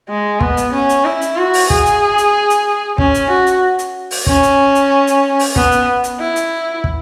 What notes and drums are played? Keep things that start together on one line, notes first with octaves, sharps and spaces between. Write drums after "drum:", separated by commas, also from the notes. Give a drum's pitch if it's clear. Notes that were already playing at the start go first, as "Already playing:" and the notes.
G#3
B3, drum: kick
drum: hi-hat
C#4
drum: hi-hat
E4
drum: hi-hat
F#4
drum: open hi-hat
G#4, drum: kick
drum: hi-hat
drum: hi-hat
drum: hi-hat
C#4, drum: kick
drum: hi-hat
F#4
drum: hi-hat
drum: hi-hat
drum: open hi-hat
C#4, drum: kick
drum: hi-hat
drum: hi-hat
drum: hi-hat
drum: open hi-hat
B3, drum: kick
drum: hi-hat
drum: hi-hat
E4
drum: hi-hat
drum: kick